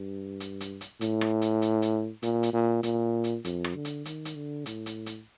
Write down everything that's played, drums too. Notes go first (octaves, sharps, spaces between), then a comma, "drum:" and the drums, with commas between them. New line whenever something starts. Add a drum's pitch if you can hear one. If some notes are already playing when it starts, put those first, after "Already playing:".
Already playing: G2
drum: hi-hat
drum: hi-hat
drum: hi-hat
A2, drum: hi-hat
drum: rim click
drum: hi-hat
drum: hi-hat
drum: hi-hat
A#2, drum: hi-hat
drum: hi-hat
A#2
A#2, drum: hi-hat
drum: hi-hat
F2, drum: hi-hat
drum: rim click
D3
drum: hi-hat
D#3, drum: hi-hat
drum: hi-hat
D3
A2, drum: hi-hat
drum: hi-hat
drum: hi-hat